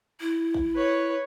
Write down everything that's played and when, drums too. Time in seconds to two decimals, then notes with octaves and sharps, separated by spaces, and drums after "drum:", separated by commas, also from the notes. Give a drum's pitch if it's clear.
0.20 E4
0.54 drum: kick A1
0.75 B4 C#5